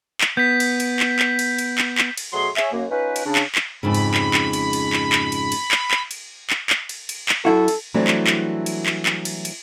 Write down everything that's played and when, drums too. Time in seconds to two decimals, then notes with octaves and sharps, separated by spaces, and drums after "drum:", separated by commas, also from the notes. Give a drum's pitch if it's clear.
0.21 drum: clap
0.37 B3 G6 B6
0.60 drum: cymbal
0.80 drum: cymbal
1.00 drum: clap
1.19 drum: clap
1.39 drum: cymbal
1.59 drum: cymbal
1.78 drum: clap
1.98 drum: clap
2.17 drum: cymbal
2.32 B2 F#3 A3 G#4 C6
2.57 G#4 C#5 E5, drum: clap
2.72 F#2 A#3
2.90 C#4 D#4 F4 B4
3.16 drum: cymbal
3.25 C#3 D4
3.35 drum: clap
3.55 drum: clap
3.83 F2 G#2 C#3 B5
3.94 drum: cymbal
4.14 drum: clap
4.34 drum: clap
4.53 drum: cymbal
4.73 drum: cymbal
4.93 drum: clap
5.12 drum: clap
5.32 drum: cymbal
5.52 drum: cymbal
5.71 drum: clap
5.91 drum: clap
6.11 drum: cymbal
6.50 drum: clap
6.70 drum: clap
6.89 drum: cymbal
7.09 drum: cymbal
7.29 drum: clap
7.45 F#2 E4 F#4 A4
7.68 drum: cymbal
7.94 E3 F#3 G3 A3 C4 D4
8.07 drum: clap
8.27 drum: clap
8.66 drum: cymbal
8.86 drum: clap
9.06 drum: clap
9.25 drum: cymbal
9.45 drum: cymbal